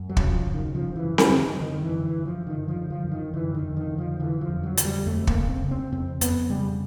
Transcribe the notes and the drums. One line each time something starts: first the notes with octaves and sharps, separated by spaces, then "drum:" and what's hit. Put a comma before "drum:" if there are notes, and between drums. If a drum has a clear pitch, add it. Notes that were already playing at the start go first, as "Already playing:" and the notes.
Already playing: F#2
F#3
C#3, drum: kick
F3
C#3
D#3
C#3 F3
E3
F#2
D#3, drum: snare C4
F#2
D#3
D3 D#3
E3
D3
E3
F#2
F3
D3 D#3
F3
D3
F3
F#2
D#3
D3 E3
D#3
F2
D#3
D3
F3
D3 E3
F3
F2
F#3
D3, drum: hi-hat
G3
F2 A3
A#3, drum: kick
C#3
C4
C#3
C4
F2 C4
F2 B3, drum: hi-hat
C#3 G3